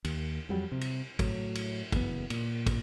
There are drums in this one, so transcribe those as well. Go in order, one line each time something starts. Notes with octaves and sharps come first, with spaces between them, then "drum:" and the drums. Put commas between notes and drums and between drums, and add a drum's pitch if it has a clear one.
D#2, drum: cymbal
F2 F#3 G3
C3
drum: cymbal
A2 F#3, drum: kick, cymbal
drum: cymbal
F#1 E2 G#2 B3, drum: kick, cymbal
A#2, drum: cymbal
drum: kick, cymbal